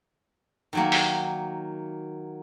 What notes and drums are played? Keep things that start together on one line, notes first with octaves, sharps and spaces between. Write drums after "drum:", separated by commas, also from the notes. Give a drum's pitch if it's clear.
D#3 F#3 A#3
drum: open hi-hat